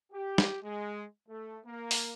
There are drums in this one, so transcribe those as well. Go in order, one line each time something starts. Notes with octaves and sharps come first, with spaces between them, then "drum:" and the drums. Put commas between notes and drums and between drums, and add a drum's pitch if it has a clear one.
G4
drum: snare
G#3
A3
A#3
drum: open hi-hat